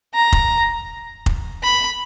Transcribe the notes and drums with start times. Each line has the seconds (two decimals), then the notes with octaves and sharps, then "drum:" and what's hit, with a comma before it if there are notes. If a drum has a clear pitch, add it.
0.14 A#5
0.32 drum: kick F1
1.26 drum: kick F1
1.64 B5